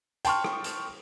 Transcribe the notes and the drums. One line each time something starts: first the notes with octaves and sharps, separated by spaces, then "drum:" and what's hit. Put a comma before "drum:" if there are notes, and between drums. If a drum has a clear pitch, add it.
G5 A5 C6 C#6 F6, drum: hi-hat
drum: rim click
drum: hi-hat